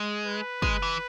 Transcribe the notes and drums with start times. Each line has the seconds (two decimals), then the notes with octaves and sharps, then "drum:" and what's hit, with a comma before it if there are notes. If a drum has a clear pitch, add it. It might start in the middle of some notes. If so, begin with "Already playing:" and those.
Already playing: G#3
0.26 B4
0.62 G#3, drum: kick
0.82 E3